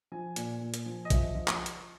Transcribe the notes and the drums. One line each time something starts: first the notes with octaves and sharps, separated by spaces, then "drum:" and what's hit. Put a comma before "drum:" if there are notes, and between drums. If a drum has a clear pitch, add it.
F3 G#5
A#2, drum: hi-hat
A#2
drum: hi-hat
F3
D#5
F3 E5, drum: kick, hi-hat
F3 D#5
drum: clap
drum: hi-hat